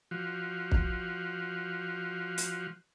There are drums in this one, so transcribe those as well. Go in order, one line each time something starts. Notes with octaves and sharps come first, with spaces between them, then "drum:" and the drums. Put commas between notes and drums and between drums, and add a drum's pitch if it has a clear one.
F3 F#4
drum: kick
drum: hi-hat